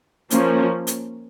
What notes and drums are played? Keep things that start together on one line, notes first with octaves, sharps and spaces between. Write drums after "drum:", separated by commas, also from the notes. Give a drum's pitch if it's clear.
F3 A#3 C#4, drum: hi-hat
drum: hi-hat